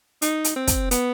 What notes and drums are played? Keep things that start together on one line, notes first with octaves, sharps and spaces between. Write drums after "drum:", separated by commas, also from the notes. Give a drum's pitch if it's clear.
D#4, drum: hi-hat
drum: hi-hat
C4
drum: kick, hi-hat
B3, drum: hi-hat